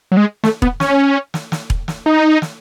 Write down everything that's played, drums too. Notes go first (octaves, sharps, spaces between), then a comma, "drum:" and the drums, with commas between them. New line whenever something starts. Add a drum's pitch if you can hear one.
F#3
G#3
A3, drum: snare
B3, drum: kick E1
C#4, drum: snare
drum: snare
drum: snare
drum: kick E1
drum: snare
D#4
drum: snare